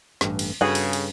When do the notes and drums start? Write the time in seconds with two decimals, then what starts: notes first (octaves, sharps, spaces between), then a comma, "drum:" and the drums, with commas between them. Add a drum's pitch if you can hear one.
0.21 A1 G2, drum: snare
0.39 drum: cymbal
0.61 G2 C#3 F#4 G#4 A4 B4
0.75 drum: cymbal
0.93 drum: cymbal